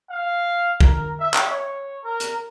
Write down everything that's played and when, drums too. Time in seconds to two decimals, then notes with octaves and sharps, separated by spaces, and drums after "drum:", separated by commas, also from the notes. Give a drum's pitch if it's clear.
0.10 F5
0.81 A#4, drum: kick
1.19 E5
1.34 drum: clap
1.49 C#5
2.04 A#4
2.20 drum: hi-hat